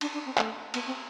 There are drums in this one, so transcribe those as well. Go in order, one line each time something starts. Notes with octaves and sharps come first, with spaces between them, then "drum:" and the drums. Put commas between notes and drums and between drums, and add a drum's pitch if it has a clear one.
D4, drum: cymbal
D4
C4
A3, drum: clap
B3, drum: cymbal
C4